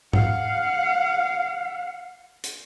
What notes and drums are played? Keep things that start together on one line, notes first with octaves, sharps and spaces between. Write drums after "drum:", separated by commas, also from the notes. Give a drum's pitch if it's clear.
F5 F#5, drum: tom G#2
drum: hi-hat